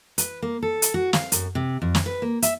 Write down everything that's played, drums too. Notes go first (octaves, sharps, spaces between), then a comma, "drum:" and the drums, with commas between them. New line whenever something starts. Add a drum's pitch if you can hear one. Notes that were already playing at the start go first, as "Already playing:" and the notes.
B4, drum: hi-hat
A#3
A4
drum: hi-hat
F#4
F5, drum: snare
F#2, drum: hi-hat
C3
F2
drum: snare
B4
A#3
E5, drum: hi-hat